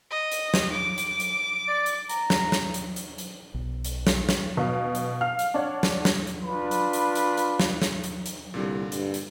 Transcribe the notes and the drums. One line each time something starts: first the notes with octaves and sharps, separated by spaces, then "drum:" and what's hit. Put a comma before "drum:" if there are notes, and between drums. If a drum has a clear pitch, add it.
D#5
drum: hi-hat
drum: snare
D6
drum: hi-hat
drum: hi-hat
D5
drum: hi-hat
A#5, drum: hi-hat
drum: snare
drum: snare
drum: hi-hat
drum: hi-hat
drum: hi-hat
B1
drum: hi-hat
drum: snare
drum: snare
B2 F5
drum: hi-hat
F5 F6
drum: hi-hat
D4 C#5 F#5
drum: snare
drum: snare
drum: hi-hat
D4 F4 B4 B5
drum: hi-hat
drum: hi-hat
drum: hi-hat
drum: hi-hat
drum: snare
drum: snare
drum: hi-hat
drum: hi-hat
C2 A#2 D3 G3
G2, drum: hi-hat
drum: hi-hat